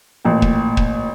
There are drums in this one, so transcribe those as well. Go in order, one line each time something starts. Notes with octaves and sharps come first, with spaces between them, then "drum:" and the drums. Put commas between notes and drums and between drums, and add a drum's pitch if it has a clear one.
A1 A#2 G5
drum: kick
drum: kick